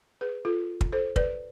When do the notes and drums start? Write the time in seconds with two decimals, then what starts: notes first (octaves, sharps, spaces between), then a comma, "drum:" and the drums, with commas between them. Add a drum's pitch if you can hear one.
0.21 G#4 B4
0.45 F4 A4
0.81 drum: kick
0.92 A4 C5
1.16 B4 D5, drum: kick